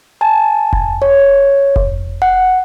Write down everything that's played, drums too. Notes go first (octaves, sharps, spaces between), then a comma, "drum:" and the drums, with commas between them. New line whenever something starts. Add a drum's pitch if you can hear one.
G#5 A5
drum: kick F1
C#5
drum: kick F1
F#5